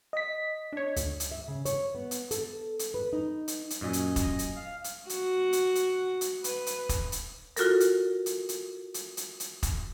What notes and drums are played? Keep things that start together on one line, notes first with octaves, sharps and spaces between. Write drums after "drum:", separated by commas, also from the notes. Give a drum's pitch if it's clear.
D#5 B6
D4 C#5
D2, drum: hi-hat
drum: hi-hat
E5
C#3
C#5, drum: hi-hat
B3
drum: hi-hat
A4, drum: hi-hat
drum: hi-hat
B4
D#4
drum: hi-hat
drum: hi-hat
F#2 A#2 C#4 D#5
drum: hi-hat
drum: kick, hi-hat
drum: hi-hat
F5
drum: hi-hat
F#4, drum: hi-hat
drum: hi-hat
drum: hi-hat
drum: hi-hat
B4, drum: hi-hat
drum: hi-hat
drum: kick, hi-hat
drum: hi-hat
F4 F#4 A4 A#4, drum: hi-hat
drum: hi-hat
drum: hi-hat
drum: hi-hat
drum: hi-hat
drum: hi-hat
drum: hi-hat
drum: kick, hi-hat